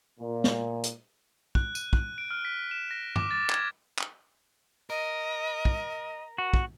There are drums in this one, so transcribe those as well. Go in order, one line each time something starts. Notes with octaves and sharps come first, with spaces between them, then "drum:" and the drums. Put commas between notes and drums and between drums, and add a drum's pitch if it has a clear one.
A#2
drum: snare
drum: hi-hat
F#6, drum: kick
D#7, drum: tambourine
F#6, drum: kick
D7
F6
B6
E7
A#6
D6, drum: tom G2
A6
G#6, drum: clap
drum: clap
A#4 D#5
drum: kick
F#4
drum: kick